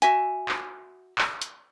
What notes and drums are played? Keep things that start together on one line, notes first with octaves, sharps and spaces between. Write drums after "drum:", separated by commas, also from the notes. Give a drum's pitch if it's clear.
F#4 E5 G#5, drum: hi-hat
drum: clap
drum: clap
drum: hi-hat